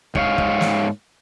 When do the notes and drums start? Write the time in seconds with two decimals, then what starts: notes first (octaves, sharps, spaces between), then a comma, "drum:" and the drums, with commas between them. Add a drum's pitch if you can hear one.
0.15 G#2 C#5 F5, drum: kick
0.38 drum: kick
0.61 drum: snare